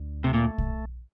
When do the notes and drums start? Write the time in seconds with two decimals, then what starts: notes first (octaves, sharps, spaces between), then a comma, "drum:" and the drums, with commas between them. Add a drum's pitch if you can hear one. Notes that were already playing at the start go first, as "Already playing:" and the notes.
Already playing: D2
0.24 C3 A3
0.34 A#2
0.58 drum: kick